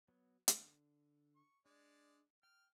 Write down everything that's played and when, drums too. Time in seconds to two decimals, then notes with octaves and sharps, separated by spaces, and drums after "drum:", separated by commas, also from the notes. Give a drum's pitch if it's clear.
0.08 F#3 B3
0.48 D3, drum: hi-hat
1.36 C#6
1.66 G#3 D4 D5
2.43 G5 F6